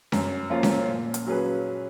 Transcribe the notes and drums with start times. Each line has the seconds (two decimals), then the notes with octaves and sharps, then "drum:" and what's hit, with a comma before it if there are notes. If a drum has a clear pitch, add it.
0.12 F#2, drum: snare C#4
0.50 F3 A#3 C#4 F4
0.63 drum: snare C#4
0.89 A#2
1.14 drum: hi-hat
1.27 F#3 C#4 G#4 B4